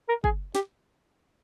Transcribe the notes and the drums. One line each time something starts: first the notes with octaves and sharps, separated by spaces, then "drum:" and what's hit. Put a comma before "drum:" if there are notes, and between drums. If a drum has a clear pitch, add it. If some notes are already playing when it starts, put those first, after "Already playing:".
A#4
G#4, drum: kick
G4, drum: snare